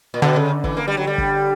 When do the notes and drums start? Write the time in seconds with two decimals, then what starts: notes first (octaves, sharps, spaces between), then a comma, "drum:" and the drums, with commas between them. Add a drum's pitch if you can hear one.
0.14 A#2
0.22 B2 D3
0.36 C#3
0.64 E3, drum: kick
0.77 A#3
0.87 G3
0.97 F#3
1.07 G3
1.18 drum: kick